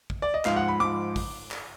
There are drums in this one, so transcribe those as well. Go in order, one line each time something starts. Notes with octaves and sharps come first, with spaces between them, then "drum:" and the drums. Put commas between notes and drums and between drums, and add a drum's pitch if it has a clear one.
drum: kick
D5
D#5
G#2 F3 F5, drum: clap
F#5
B5
G#2 F3 D6
drum: kick, open hi-hat
drum: clap